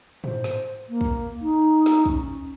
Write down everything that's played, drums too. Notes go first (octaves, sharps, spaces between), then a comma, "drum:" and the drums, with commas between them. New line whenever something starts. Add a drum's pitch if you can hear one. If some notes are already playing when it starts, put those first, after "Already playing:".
C5, drum: tom G#2
drum: snare
A#3
drum: kick
D#4
drum: snare
C#4, drum: kick